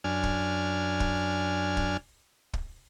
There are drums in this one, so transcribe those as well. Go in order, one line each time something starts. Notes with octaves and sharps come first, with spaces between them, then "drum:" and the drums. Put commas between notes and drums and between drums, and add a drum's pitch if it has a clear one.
F#2 D4 G#5 F6
drum: kick
drum: kick
drum: kick
drum: kick